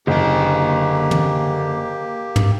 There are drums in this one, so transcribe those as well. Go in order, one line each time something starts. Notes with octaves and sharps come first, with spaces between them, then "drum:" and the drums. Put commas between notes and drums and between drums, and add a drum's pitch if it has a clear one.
F#1 D3 A#3 G4 G5
drum: tom
drum: tom